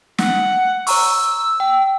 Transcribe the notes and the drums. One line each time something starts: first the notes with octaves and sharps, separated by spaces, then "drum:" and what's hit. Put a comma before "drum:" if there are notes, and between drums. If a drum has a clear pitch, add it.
F#5, drum: snare
C#5 A#5 C#6 E6, drum: open hi-hat
G5